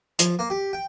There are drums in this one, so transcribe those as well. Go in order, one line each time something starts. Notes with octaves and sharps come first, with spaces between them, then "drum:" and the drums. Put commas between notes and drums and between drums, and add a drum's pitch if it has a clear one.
F3, drum: hi-hat
A#3
G4
G5